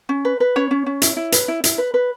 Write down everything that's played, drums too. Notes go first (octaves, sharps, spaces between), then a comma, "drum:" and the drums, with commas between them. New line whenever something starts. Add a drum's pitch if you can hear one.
C#4
B4
B4
C#4 C#5
C#4
C#4
E4, drum: hi-hat
E4
B4, drum: hi-hat
E4
E4, drum: hi-hat
B4
B4